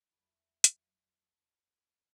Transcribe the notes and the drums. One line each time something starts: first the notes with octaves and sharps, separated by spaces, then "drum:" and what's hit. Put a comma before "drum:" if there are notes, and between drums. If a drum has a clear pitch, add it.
E2 F#3 A3 E4 B5
drum: hi-hat